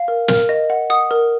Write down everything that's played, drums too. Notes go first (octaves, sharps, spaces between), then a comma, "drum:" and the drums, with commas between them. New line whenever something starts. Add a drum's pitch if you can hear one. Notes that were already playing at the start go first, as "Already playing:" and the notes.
Already playing: F5
A#4
A#4 F6, drum: snare
D#5
F#5
F#5 D#6
A#4